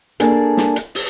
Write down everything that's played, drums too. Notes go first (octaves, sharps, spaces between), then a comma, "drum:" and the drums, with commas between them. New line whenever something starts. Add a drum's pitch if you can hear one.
A#3 D4 G#4 A4, drum: hi-hat
drum: snare
drum: hi-hat
drum: open hi-hat